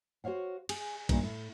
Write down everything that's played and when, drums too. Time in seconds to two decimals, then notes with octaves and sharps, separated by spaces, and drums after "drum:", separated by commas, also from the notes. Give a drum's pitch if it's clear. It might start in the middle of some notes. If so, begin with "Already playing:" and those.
0.24 F#4 C5 C#5 F5 F#5
0.69 G#4, drum: cymbal
1.09 G2 A#2 D#3 G3 A3 D#4, drum: kick, cymbal
1.23 A2